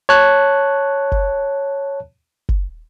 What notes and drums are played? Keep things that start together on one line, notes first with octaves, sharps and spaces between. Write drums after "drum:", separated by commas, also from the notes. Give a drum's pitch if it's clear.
C#5 A5 F#6
drum: kick F#1
drum: kick F#1